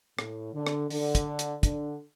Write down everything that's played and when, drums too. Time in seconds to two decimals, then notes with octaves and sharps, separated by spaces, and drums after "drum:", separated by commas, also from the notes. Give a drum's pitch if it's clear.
0.19 A2, drum: rim click
0.54 D3
0.67 drum: rim click
0.90 D3, drum: open hi-hat
1.15 drum: kick, hi-hat
1.39 drum: hi-hat
1.63 D3, drum: kick, hi-hat